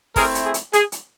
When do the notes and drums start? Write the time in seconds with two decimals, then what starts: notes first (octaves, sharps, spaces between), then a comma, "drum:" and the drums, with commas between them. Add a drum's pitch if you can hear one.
0.16 A3 C4 E4 G#4 A#4, drum: kick, open hi-hat
0.35 drum: hi-hat
0.44 G#4
0.54 drum: hi-hat
0.73 G#4, drum: hi-hat
0.92 drum: hi-hat